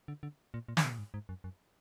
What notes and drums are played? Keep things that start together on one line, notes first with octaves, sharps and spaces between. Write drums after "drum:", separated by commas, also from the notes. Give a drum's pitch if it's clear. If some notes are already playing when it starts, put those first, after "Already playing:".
D3
D3
A#2
A#2
D3, drum: snare
B2
A#2
G#2
G#2
F#2
F#2